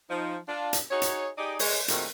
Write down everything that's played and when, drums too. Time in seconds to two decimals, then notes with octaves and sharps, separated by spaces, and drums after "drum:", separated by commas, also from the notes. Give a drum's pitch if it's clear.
0.09 F3 D#4
0.47 D4 F4
0.73 drum: hi-hat
0.90 D#4 F#4 G#4 C#5
1.02 drum: hi-hat
1.37 D#4 G4 G#4 D5 D#5
1.59 G#3 C#5, drum: open hi-hat
1.88 A#2 D#3 G#3 A3 C4 F#4, drum: hi-hat